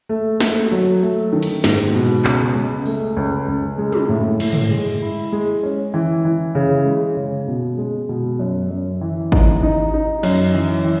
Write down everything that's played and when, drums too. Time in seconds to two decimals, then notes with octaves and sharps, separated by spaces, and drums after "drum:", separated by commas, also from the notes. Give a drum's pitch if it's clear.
0.09 A3
0.40 A3, drum: snare
0.72 F#3
1.03 A3
1.33 D#3
1.43 drum: cymbal
1.64 G#2, drum: snare
1.95 B2
2.25 C#2, drum: clap
2.55 C#2
2.86 A3, drum: open hi-hat
3.17 C#2
3.48 C#2
3.78 G#3
3.92 drum: tom
4.09 A2
4.40 A2, drum: cymbal
4.53 drum: tom
4.71 G#3
5.02 E4
5.32 G#3
5.63 C#4
5.94 E3
6.25 E3
6.55 C#3
6.86 G#3
7.17 C#3
7.48 B2
7.78 G#3
8.09 B2
8.39 F#2
8.71 F#2
9.01 E3
9.32 D#4, drum: kick
9.63 D#4
9.94 D#4
10.23 F#2, drum: cymbal
10.54 E3
10.85 E3